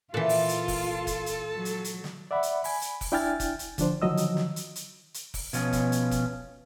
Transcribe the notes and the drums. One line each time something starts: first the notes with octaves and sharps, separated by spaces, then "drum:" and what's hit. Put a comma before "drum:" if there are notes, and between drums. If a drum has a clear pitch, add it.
A#2 E3 F4 A4
drum: open hi-hat
drum: hi-hat
drum: kick F1, open hi-hat
drum: kick F1, hi-hat
drum: hi-hat
F#3
drum: hi-hat
drum: hi-hat
drum: snare
D5 E5 F#5 B5
drum: hi-hat
G#5 B5, drum: open hi-hat
drum: hi-hat
drum: kick F1, open hi-hat
D4 E4 G5 G#5 F6 A6
drum: kick F1, hi-hat
drum: hi-hat
D3 F3 D4 C5, drum: kick F1, hi-hat
D3 D#3 F3 F#3 D#5 E6
drum: hi-hat
drum: snare
drum: hi-hat
drum: hi-hat
drum: hi-hat
drum: kick F1, open hi-hat
B2 F3 C#4, drum: hi-hat
drum: kick F1, hi-hat
drum: hi-hat
drum: kick F1, hi-hat